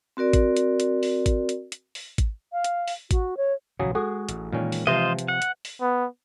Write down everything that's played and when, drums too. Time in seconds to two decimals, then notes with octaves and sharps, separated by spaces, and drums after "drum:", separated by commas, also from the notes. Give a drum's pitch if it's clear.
0.17 C4 F#4 A#4 D5
0.33 drum: kick G#1, hi-hat
0.57 drum: hi-hat
0.80 drum: hi-hat
1.03 drum: open hi-hat
1.26 drum: kick G#1, hi-hat
1.49 drum: hi-hat
1.72 drum: hi-hat
1.95 drum: open hi-hat
2.18 drum: kick G#1, hi-hat
2.53 F5
2.64 drum: hi-hat
2.88 drum: open hi-hat
3.11 F#4, drum: kick G#1, hi-hat
3.37 C#5
3.79 A#1 C#3 E3 F#3 G#4
3.95 G#3 F#4 G#4 A4
4.29 A1, drum: hi-hat
4.53 A#2 D#3 E3 G3 G#3 C#4
4.72 drum: open hi-hat
4.87 C3 F3 F4 B4 C5 D#5 E5
5.19 drum: hi-hat
5.28 F#5
5.42 drum: hi-hat
5.65 drum: open hi-hat
5.81 B3